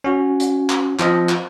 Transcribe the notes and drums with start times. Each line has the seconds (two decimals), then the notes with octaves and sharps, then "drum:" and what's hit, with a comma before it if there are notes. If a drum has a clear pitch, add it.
0.04 C#4 F#4
0.40 drum: hi-hat
0.70 drum: clap
0.99 F3 C4 D#5, drum: clap
1.29 drum: clap